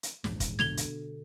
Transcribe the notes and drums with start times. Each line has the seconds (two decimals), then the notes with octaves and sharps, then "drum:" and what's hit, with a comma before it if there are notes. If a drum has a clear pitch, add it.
0.03 drum: hi-hat
0.24 A#1 E2 G#2, drum: snare
0.40 drum: kick, hi-hat
0.59 B2 D3 G#6 F7 G7, drum: snare
0.77 drum: hi-hat